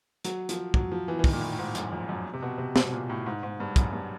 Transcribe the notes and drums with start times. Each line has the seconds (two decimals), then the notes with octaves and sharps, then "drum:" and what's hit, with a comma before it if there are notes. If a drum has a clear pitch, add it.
0.24 F#3, drum: hi-hat
0.49 F3, drum: hi-hat
0.74 F#3, drum: kick
0.92 F3
1.08 E3
1.19 E3
1.24 D#3, drum: kick, open hi-hat
1.33 A#2
1.41 A2
1.53 A2
1.58 G#2
1.75 F#2, drum: hi-hat
1.92 F2
2.09 F#2
2.33 C3
2.42 B2
2.58 C3
2.76 B2, drum: snare
2.93 A#2
3.10 A2
3.26 G#2
3.43 G#2
3.60 G2
3.76 F#2, drum: kick, hi-hat
3.93 G2